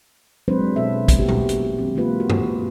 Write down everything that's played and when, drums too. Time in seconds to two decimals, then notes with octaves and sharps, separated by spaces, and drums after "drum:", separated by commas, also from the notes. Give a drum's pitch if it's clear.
0.48 F#3 G#3 C4 D4 B4 C5
0.76 B2 B3 E4 A4 E5
1.08 drum: kick, hi-hat
1.19 A#3 B3 F#4 G4
1.29 drum: tom A#2
1.49 drum: hi-hat
1.78 D#3 F#3 C4
1.95 E3 G#3 A#3 F4 B4
2.20 F#4
2.30 drum: tom G2